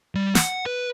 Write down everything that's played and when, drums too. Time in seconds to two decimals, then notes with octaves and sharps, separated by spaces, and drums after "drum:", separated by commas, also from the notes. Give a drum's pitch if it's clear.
0.15 G3
0.35 F#5, drum: snare
0.66 B4